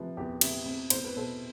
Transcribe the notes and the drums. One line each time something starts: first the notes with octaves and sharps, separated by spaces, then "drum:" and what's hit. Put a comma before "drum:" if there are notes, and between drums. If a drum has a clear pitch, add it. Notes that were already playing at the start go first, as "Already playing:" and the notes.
Already playing: C3 F3 B4
E2 G4 B4
C3, drum: cymbal
C4
E2 C5, drum: cymbal
B4
B2 A4 C5